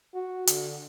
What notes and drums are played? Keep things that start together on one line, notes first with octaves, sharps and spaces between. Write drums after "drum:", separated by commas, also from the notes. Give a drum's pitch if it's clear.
F#4
D3, drum: hi-hat